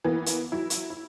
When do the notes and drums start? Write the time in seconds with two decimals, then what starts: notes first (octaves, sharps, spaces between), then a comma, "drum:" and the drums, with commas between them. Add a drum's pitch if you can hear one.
0.04 E3 A#3 B3
0.26 drum: hi-hat
0.52 F#3 E4
0.70 drum: hi-hat
0.90 E4